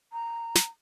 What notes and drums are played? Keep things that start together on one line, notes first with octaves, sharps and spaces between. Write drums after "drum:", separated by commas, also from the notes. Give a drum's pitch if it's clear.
A#5
drum: snare